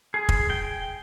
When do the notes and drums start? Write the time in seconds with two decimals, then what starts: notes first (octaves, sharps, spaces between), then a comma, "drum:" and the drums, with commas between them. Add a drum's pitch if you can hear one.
0.14 G#4
0.29 drum: kick
0.50 G5